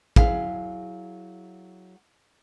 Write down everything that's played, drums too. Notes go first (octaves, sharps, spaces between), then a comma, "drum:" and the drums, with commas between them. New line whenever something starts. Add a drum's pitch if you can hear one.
F#3 E4 G#4 F5, drum: kick